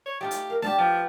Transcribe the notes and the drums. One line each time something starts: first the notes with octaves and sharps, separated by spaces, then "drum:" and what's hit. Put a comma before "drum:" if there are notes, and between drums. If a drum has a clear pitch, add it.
C#5
A3 D#4 F4 G4
drum: hi-hat
A#4 F5
G4 C5 D5 F5 A5, drum: snare D4
F3 B4 C6